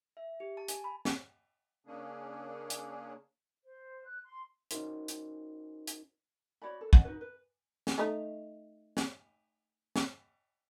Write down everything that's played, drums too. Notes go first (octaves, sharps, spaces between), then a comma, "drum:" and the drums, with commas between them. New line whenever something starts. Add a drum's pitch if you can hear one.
E5
G4
A5
G#5, drum: hi-hat
B5
drum: snare
C#3 A#3 C#4 D4 G#4
drum: hi-hat
C5
F#6
C6
C#4 D#4 F#4 A#4 C5, drum: hi-hat
drum: hi-hat
drum: hi-hat
F#4 C#5 D5 B5
A4
C#4 C#5 D#5 F#5, drum: kick
D#4 F#4 B4
B4
drum: snare
A3 D#4
drum: snare
drum: snare